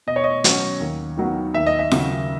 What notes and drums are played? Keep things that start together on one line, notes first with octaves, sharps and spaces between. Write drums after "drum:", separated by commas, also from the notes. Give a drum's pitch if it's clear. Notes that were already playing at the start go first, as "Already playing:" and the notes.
B2 D#5
C#5
D#5
F#3 C#4, drum: hi-hat
D#2
D#3 F#3 B3
D#2 E5
D#5
E5
C#3 F#3, drum: snare F4